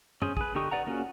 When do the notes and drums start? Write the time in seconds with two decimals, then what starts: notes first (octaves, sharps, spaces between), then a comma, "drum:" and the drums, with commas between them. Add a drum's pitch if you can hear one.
0.22 C#4 G#4 C5, drum: tom F#2
0.37 G#4 B4, drum: kick
0.55 D3 D#4 G4 C#6 D#6
0.71 B4 D5 F#5 A#5
0.87 A#3 C#4 F4 F#4 G#4